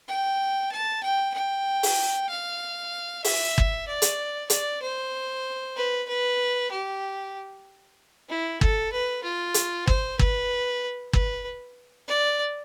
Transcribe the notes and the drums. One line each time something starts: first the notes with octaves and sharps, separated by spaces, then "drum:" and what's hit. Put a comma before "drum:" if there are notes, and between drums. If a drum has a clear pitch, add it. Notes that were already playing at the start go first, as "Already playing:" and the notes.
G5
A5
G5
G5
drum: open hi-hat
F5
E5, drum: open hi-hat
drum: kick
D5
drum: hi-hat
D5, drum: hi-hat
C5
B4
B4
G4
E4
A4, drum: kick
B4
F4
drum: hi-hat
C5, drum: kick
B4, drum: kick
B4, drum: kick
D5